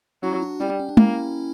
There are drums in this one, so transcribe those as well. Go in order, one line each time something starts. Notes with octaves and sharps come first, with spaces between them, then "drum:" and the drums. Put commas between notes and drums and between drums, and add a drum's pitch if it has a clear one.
F#3 C#4 E4
D4 F#4
G3 C#4 E4
D4
C#4
D4
A#3 C#4 E4, drum: tom